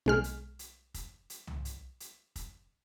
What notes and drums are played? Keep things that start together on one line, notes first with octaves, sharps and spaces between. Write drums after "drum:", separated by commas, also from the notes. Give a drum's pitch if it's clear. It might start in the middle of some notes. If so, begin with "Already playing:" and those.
B1 G#3 F6
drum: hi-hat
drum: hi-hat
drum: kick, hi-hat
drum: hi-hat
drum: tom
drum: hi-hat
drum: hi-hat
drum: kick, hi-hat